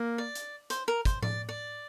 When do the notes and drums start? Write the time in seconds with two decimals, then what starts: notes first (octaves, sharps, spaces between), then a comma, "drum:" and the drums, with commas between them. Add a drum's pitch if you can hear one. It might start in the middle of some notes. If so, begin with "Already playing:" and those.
Already playing: A#3
0.18 D5
0.35 drum: hi-hat
0.70 C5, drum: hi-hat
0.88 A#4
1.05 C5, drum: kick, hi-hat
1.22 D5, drum: tom A2
1.49 D5